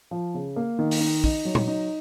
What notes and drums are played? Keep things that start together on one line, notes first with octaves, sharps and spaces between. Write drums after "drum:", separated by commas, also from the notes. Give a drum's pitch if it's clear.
F3
C#3
A#3
D#3
drum: open hi-hat
D#4
D#4, drum: kick
F#3
drum: tom A#2
D#4